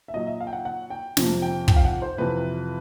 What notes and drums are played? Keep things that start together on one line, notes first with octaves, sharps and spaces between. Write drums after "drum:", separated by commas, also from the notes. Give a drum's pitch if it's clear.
E5
A#2 F#3 D#5
E5
F5
G5
F#5
F#5
G5
F2 C3 F3, drum: snare
G5
G5, drum: kick
F5
F#5
C5
F2 C3 E3 B4